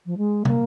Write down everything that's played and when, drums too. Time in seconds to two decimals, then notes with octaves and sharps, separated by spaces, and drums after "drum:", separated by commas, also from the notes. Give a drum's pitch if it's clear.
0.06 F3
0.17 G#3
0.45 A#3, drum: tom